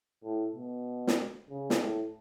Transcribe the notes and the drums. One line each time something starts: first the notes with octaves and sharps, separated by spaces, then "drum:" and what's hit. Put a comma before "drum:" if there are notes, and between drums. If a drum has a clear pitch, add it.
A2
B2
drum: snare
C#3
drum: snare
A2